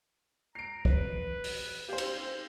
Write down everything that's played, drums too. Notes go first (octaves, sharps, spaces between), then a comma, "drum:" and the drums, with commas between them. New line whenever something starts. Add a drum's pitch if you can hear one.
A#5 C7 D7
B4, drum: kick
drum: open hi-hat
G4 C5 F5
drum: cymbal